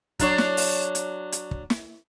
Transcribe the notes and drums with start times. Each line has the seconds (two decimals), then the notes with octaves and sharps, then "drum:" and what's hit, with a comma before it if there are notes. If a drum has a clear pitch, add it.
0.19 F#3 D4 C#5, drum: kick, hi-hat
0.38 drum: snare
0.57 drum: open hi-hat
0.95 drum: hi-hat
1.32 drum: hi-hat
1.51 drum: kick
1.70 drum: snare